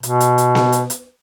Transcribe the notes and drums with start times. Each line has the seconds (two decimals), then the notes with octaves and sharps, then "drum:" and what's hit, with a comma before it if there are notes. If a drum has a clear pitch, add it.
0.03 B2, drum: hi-hat
0.20 drum: hi-hat
0.38 drum: hi-hat
0.55 drum: snare B3
0.72 drum: hi-hat
0.90 drum: hi-hat